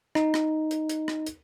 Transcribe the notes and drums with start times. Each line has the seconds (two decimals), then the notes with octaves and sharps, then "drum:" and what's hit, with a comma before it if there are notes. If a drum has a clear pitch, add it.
0.15 D#4, drum: rim click
0.34 drum: rim click
0.71 drum: hi-hat
0.89 drum: hi-hat
1.08 drum: rim click
1.27 drum: hi-hat